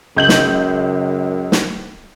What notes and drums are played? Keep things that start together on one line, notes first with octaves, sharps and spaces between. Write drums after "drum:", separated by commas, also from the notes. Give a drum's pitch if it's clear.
C#2 F#2 G6 F#7
drum: snare
drum: snare